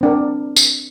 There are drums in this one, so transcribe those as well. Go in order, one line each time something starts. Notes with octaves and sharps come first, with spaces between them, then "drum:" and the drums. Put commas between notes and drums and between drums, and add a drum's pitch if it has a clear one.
C4 D4 A#4
drum: tambourine